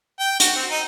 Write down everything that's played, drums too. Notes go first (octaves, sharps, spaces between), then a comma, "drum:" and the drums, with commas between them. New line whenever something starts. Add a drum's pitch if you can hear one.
G5
F#4, drum: hi-hat
C4
D#4